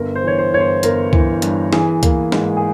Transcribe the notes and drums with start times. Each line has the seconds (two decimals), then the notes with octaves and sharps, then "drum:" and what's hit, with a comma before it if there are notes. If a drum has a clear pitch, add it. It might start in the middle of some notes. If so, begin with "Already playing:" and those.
Already playing: G1 A#4
0.15 C5
0.24 E3 C#5
0.38 C5
0.53 G1 C#5
0.60 C5
0.83 G1 A#4, drum: hi-hat
1.13 E3, drum: kick C#2
1.42 G2, drum: hi-hat
1.73 E3 G#4, drum: snare
2.03 A#3, drum: kick C#2, hi-hat
2.32 G#2, drum: snare
2.57 G#4